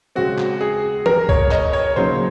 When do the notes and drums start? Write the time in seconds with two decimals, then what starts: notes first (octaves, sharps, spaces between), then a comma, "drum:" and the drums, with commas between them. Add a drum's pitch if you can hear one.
0.15 C#3 G#3 C4 F#4
0.38 drum: clap
0.61 G#4
1.06 A#4, drum: tom E3
1.29 C#5, drum: kick
1.51 D#5, drum: clap
1.73 C#5
1.96 C#3 F#3 A#3 D#4 C5